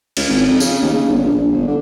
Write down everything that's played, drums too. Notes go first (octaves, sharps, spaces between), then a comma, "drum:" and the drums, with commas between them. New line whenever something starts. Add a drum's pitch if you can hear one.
C#2, drum: cymbal
G#1
F2
C#3, drum: tambourine
D#2
C#3
G1
A#1
A#1
G1
D3